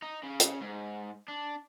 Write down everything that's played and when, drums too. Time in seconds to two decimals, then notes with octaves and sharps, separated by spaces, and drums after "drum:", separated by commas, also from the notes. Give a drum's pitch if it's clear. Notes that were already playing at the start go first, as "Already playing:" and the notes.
0.02 D#4
0.24 C#3
0.40 drum: hi-hat
0.62 G#2
1.28 D4